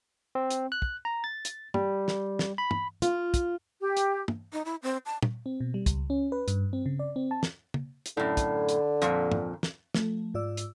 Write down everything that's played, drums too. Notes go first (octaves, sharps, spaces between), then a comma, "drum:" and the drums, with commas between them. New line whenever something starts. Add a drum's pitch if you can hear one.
C4
drum: hi-hat
F#6
drum: kick
A#5
A6
drum: hi-hat
G3, drum: tom
drum: snare
drum: snare
B5
drum: tom
F4, drum: hi-hat
drum: kick, hi-hat
G4
drum: hi-hat
drum: tom
D#4
E4
C4
A5
drum: tom
C4
B2
G3
C#2, drum: kick, hi-hat
C#4
B4
G2, drum: hi-hat
C4
C#3
D5
C4
A5
drum: snare
drum: tom
drum: hi-hat
F#2 A2 D3
drum: kick, hi-hat
drum: hi-hat
F2 A#2, drum: hi-hat
drum: tom
drum: snare
F3 A3, drum: snare
G#2 F4 D5 E6
drum: hi-hat